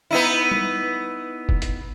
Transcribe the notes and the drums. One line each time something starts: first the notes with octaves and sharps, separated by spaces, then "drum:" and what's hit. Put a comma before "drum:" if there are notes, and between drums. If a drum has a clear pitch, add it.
B3 D#4 E4
drum: tom G3
drum: kick
drum: hi-hat